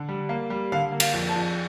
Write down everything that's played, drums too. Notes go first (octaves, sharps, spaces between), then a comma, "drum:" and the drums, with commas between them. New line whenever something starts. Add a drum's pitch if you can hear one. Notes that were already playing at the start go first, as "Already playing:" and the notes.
Already playing: D3
G3
A#3
G3
D3 F5
A#3
F5, drum: cymbal
F2
A5
F2